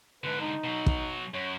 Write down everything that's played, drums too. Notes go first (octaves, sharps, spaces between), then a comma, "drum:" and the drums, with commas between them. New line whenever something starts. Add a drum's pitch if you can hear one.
G#2 D3 B4
D#4
B2 F#3
drum: kick
F#2 C#5